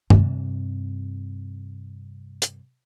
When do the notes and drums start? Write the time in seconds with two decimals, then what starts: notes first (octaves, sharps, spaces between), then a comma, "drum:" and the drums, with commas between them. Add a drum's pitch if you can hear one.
0.10 G2 C3, drum: tom G2
2.42 drum: hi-hat